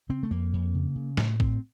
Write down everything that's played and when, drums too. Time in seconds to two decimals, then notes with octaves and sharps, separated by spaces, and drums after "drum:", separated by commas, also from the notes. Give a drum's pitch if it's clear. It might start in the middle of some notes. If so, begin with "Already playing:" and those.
0.09 C#3 C4
0.23 A3
0.31 F2 A#3
0.53 F2
0.74 C#3
0.96 C#3
1.17 A2 A3, drum: snare
1.40 A2 C4, drum: kick A1